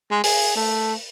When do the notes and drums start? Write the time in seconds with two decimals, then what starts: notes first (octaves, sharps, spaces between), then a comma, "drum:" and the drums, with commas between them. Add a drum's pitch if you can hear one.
0.11 G#3
0.24 G#4, drum: open hi-hat
0.56 A3